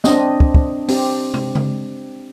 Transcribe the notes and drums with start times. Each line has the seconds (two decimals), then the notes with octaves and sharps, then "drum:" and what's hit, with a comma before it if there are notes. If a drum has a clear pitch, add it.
0.04 C4 D4 D#5, drum: snare
0.40 drum: kick
0.55 drum: kick
0.88 C4 G4, drum: open hi-hat
1.34 drum: tom
1.55 drum: tom C#3